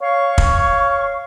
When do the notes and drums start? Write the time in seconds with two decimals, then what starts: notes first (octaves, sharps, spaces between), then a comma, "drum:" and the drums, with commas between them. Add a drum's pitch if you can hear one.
0.01 C#5 F5 C#6
0.38 drum: kick